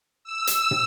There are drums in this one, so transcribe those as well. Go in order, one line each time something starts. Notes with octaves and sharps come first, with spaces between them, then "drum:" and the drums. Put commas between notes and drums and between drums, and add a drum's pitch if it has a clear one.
E6
drum: hi-hat
drum: tom